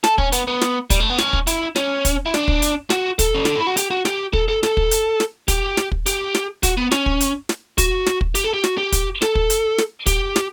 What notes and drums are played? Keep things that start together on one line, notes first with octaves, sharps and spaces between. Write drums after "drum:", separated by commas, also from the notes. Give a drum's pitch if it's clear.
A4, drum: snare
C#4, drum: kick
B3, drum: hi-hat
B3
drum: snare
G3, drum: kick, hi-hat
A3
B3
C#4, drum: snare
drum: kick
E4, drum: hi-hat
C#4, drum: snare
drum: kick, hi-hat
E4
D4, drum: snare
drum: kick
drum: hi-hat
F#4, drum: snare
A4, drum: kick, hi-hat
C#4
D4, drum: snare
E4
F#4
G4, drum: hi-hat
F#4
G4, drum: snare
A4, drum: kick
A4
A4, drum: snare
drum: kick
drum: hi-hat
drum: snare
G4, drum: kick, hi-hat
drum: snare
drum: kick
G4, drum: hi-hat
drum: snare
F#4, drum: kick, hi-hat
B3
C#4, drum: snare
drum: kick
drum: hi-hat
drum: snare
F#4, drum: kick, hi-hat
drum: snare
drum: kick
G4, drum: hi-hat
A4
G4
F#4, drum: snare
G4
drum: kick, hi-hat
A4, drum: snare
drum: kick
drum: hi-hat
drum: snare
G4, drum: kick, hi-hat
drum: snare